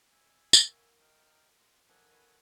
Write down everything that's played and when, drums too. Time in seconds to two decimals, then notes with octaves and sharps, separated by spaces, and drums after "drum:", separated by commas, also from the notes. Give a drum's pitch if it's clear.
0.11 E5 G#5
0.53 A#3 F#4, drum: tambourine
1.00 A#4 D#5 G5
1.59 F4 D#5
1.88 F3 A#3 D#4 A4 F#5 G#5
2.11 B4 C#5 D#5